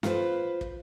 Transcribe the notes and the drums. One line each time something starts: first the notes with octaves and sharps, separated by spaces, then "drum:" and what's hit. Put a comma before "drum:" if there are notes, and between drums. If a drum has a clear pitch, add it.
F4 B4 C5, drum: snare
drum: kick